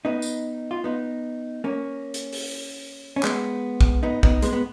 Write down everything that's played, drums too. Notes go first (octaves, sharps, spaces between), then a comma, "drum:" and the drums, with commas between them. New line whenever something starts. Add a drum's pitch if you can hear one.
B3 D#4
drum: tambourine
F4
B3 D#4
A#3 C#4
drum: hi-hat
drum: open hi-hat
C#4
G#3 B3, drum: clap
drum: kick
B3 D#4
B3 D#4, drum: kick
G#3 B3, drum: hi-hat
B3